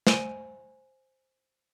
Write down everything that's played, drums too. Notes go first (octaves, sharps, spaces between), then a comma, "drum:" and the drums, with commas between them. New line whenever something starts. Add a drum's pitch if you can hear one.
C5 G#5 D7 D#7 G7, drum: snare